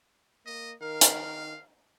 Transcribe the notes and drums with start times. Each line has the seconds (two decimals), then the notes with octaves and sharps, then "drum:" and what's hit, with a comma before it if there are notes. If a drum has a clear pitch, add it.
0.46 A#3 D#5
0.82 D#3 A#4 F5
1.01 drum: hi-hat